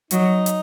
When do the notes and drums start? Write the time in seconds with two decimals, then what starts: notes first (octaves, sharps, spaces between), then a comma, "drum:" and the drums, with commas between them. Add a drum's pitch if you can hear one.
0.11 F#3 D#4, drum: hi-hat
0.46 drum: hi-hat